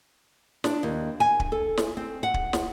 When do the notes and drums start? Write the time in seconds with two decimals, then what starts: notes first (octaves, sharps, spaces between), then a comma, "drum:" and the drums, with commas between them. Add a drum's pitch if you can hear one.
0.64 D4, drum: snare
0.83 D#2
1.20 G#5
1.40 drum: kick
1.52 A4
1.77 drum: snare
1.97 C4
2.23 F#5
2.34 drum: kick
2.53 drum: snare